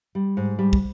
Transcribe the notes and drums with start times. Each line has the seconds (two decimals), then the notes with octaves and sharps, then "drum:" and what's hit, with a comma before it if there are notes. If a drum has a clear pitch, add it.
0.15 G3
0.37 G#2
0.59 G3
0.73 drum: kick